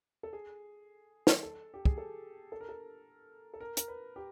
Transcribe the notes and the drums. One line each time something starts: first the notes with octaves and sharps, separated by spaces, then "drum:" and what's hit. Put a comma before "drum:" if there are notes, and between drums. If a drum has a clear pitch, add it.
A4
G#4
drum: snare
A4
G4
G#4, drum: kick
A4
A4
A#4
A4
A4
A#4
A#4, drum: hi-hat
B4
G4